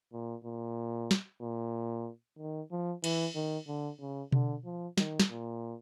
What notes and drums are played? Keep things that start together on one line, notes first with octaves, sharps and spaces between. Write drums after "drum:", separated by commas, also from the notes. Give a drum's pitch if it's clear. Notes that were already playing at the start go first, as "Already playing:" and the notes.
A#2
A#2
drum: snare
A#2
D#3
F3
E3, drum: cymbal
D#3
D3
C#3
D3, drum: tom B2
F3
D#3, drum: snare
drum: snare
A#2